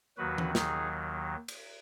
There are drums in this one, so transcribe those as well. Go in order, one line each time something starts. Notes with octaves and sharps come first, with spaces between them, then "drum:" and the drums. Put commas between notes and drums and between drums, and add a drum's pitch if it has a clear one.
D#2 D#3 F#3 F#4 B4
drum: tom E3
D#4 G#4, drum: snare
drum: cymbal